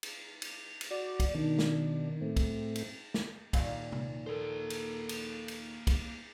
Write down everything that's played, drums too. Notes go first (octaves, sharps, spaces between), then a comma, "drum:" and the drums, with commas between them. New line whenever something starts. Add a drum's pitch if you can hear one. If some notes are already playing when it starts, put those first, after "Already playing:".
drum: cymbal
drum: cymbal
drum: cymbal
F#4 D5
drum: kick, cymbal
B2 D#3 D4
drum: snare
A2 A3 C4
drum: kick, cymbal
drum: cymbal
drum: snare
D#2 A#2 F5, drum: kick, cymbal
drum: tom
A#3 A4 A#4 C5
drum: cymbal
drum: cymbal
drum: cymbal
drum: kick, cymbal